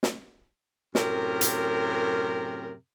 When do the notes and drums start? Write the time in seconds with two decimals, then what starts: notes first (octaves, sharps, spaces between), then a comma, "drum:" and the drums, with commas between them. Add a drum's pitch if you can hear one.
0.03 drum: snare
0.95 F#2 A2 C3 A#4, drum: snare
1.41 drum: hi-hat